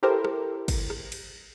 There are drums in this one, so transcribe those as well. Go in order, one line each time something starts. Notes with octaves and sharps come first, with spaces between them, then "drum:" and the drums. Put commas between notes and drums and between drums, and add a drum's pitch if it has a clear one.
E4 G4 A4 A#4 C5
drum: rim click
drum: kick, cymbal
drum: rim click
drum: cymbal